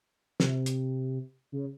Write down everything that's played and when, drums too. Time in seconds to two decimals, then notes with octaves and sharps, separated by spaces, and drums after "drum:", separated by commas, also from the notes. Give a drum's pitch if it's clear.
0.40 C3, drum: snare
0.66 drum: hi-hat
1.52 C#3